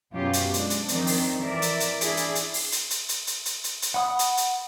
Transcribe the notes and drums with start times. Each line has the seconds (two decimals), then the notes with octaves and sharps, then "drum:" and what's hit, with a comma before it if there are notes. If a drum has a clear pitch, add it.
0.13 F#2 B2 B3 F4 G4 F5
0.33 drum: hi-hat
0.54 G#3 D4, drum: hi-hat
0.70 drum: hi-hat
0.88 D#3 F3 C4 D4 D#4, drum: hi-hat
1.07 drum: open hi-hat
1.40 E3 A#4 D5 E5
1.62 drum: hi-hat
1.80 drum: hi-hat
2.01 D4 E4 G#4 D5, drum: hi-hat
2.17 drum: hi-hat
2.35 drum: hi-hat
2.54 drum: open hi-hat
2.72 drum: hi-hat
2.90 drum: hi-hat
3.09 drum: hi-hat
3.27 drum: hi-hat
3.46 drum: hi-hat
3.64 drum: hi-hat
3.82 drum: hi-hat
3.94 F#5 B5 D#6
4.19 drum: hi-hat
4.37 drum: hi-hat